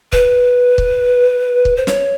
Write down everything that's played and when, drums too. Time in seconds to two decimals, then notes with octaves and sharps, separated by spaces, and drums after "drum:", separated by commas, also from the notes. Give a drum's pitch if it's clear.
0.13 B4, drum: kick
0.78 drum: kick
1.65 drum: kick
1.77 C5
1.87 C#5, drum: snare